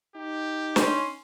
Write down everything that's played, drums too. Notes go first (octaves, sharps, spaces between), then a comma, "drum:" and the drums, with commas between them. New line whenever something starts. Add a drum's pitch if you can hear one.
D#4 G4
C#4 C6, drum: snare